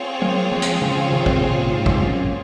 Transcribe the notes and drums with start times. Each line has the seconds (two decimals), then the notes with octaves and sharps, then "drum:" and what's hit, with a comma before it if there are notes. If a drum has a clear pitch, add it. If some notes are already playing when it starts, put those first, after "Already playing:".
Already playing: C4 F4 G#4 C#5
0.22 F#3 A#3
0.52 F3 G#3
0.62 drum: hi-hat
0.81 C#3 F3
1.12 C3 D#3
1.26 drum: kick
1.41 A#2 C#3
1.72 G#2 C3
1.86 drum: kick
2.03 F#2 A#2